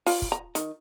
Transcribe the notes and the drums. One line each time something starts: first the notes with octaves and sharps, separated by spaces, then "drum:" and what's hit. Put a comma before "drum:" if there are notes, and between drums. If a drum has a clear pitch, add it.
F4, drum: open hi-hat
drum: kick
A#5
D#3, drum: hi-hat